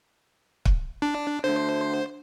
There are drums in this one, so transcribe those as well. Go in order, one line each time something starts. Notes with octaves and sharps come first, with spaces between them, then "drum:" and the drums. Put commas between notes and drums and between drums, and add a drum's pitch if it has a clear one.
drum: kick
D4
D3 A3 C5